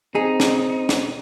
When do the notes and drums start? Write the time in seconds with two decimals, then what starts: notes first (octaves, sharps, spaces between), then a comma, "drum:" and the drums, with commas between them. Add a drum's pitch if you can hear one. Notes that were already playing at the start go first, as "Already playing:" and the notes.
0.15 C4 D#4 G#4
0.40 drum: snare
0.89 drum: snare